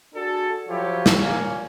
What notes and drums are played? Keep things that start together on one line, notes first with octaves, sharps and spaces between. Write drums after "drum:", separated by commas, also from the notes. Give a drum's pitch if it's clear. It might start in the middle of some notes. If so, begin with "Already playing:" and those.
D4 F#4 G#4 A4
F3 F#3 E4 F4 G4 C#5
drum: snare
A#2 A#3 C#4